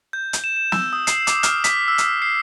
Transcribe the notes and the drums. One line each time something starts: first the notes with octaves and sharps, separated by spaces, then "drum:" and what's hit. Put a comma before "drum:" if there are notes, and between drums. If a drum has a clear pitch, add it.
G6
drum: hi-hat
E7
E7
E6, drum: snare
D#6
C7, drum: hi-hat
D6, drum: hi-hat
F6, drum: hi-hat
B6, drum: hi-hat
E6
drum: hi-hat
C7